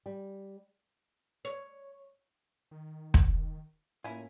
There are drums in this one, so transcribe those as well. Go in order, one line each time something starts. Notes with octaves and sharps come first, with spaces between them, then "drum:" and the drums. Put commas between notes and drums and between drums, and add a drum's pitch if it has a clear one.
G3
C#5
D#3
drum: kick
A2 A#3 C#4 E4 F4 G#5